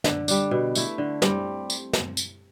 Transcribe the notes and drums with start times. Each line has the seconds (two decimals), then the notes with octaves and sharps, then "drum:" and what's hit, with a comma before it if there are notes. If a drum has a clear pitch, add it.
0.04 D3, drum: snare
0.28 G3 D4, drum: tambourine
0.51 B2
0.75 A3 E4, drum: tambourine
0.98 D3
1.22 G3 C4, drum: snare
1.70 drum: tambourine
1.93 drum: snare
2.17 drum: tambourine